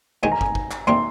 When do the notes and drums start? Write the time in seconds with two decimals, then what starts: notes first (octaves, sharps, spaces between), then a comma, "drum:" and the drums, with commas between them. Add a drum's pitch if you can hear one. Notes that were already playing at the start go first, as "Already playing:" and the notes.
0.23 G#2 D#3 G#3 D#4 G#4 G#5
0.32 A#5
0.41 G#5, drum: kick
0.55 drum: kick
0.71 drum: clap
0.87 C3 G3 A#3 C6